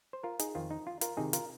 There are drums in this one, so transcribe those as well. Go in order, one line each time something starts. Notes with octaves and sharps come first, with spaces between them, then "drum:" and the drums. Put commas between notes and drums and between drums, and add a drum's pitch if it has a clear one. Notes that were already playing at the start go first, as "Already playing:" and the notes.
C5
F4 A#4
D#4 G#4, drum: hi-hat
F2 D#3 C4 F4
D#4
F4
F4 A#4, drum: hi-hat
C3 D#3 C4 D#4 G#4
F4 A#4, drum: hi-hat